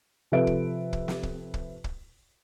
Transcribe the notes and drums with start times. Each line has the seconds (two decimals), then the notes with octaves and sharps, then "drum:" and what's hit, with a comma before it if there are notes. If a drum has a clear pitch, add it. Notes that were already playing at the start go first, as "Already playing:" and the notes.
0.32 C3 F3 A4 B4 E5 D7
0.47 drum: kick
0.93 drum: kick
1.08 drum: snare
1.23 drum: kick
1.54 drum: kick
1.84 drum: kick